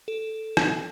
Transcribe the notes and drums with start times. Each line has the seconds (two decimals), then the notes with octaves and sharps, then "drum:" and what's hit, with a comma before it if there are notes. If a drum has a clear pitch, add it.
0.08 A4
0.57 drum: rim click